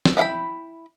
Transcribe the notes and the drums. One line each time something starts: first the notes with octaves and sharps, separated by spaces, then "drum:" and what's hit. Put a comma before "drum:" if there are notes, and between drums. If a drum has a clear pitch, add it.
drum: snare
B3 E4 F5 G5 B5